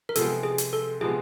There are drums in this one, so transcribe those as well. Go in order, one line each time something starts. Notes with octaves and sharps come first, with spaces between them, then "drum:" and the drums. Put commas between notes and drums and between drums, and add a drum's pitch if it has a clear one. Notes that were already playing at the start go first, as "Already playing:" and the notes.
A#4
C3 F3 G#3 B3 A4, drum: hi-hat
G#4
drum: hi-hat
A4
C3 F3 G#3 B3 G#4